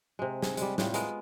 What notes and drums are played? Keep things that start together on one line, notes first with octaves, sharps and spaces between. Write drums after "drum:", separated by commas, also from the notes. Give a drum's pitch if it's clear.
C3 G#3
G#4, drum: snare
G3 G#3, drum: hi-hat
A2 G3 F4, drum: snare
G#3 B3 A#4 F5, drum: hi-hat